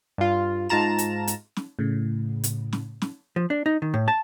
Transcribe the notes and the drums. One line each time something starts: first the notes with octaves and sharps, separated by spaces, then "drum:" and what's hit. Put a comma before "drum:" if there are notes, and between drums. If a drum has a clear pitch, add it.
G2 F4
G#2 F4 A5 A#5 E7
drum: hi-hat
drum: hi-hat
drum: snare
A2 C#3
drum: hi-hat
drum: snare
drum: snare
F3
D4
D#4
D#3
A2
A5